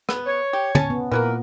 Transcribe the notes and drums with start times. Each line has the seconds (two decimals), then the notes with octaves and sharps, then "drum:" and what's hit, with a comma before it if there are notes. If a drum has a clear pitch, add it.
0.09 B3, drum: rim click
0.26 C#5
0.53 G4
0.75 C#4 A5, drum: tom
0.90 B3
1.12 A#2 E3 F#3 A#3 A#4 B4